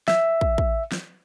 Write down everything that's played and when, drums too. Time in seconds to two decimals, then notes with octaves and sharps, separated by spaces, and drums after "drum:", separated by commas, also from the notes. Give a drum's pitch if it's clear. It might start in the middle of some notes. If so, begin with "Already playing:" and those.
0.08 E5, drum: snare
0.41 drum: kick
0.58 drum: kick
0.92 drum: snare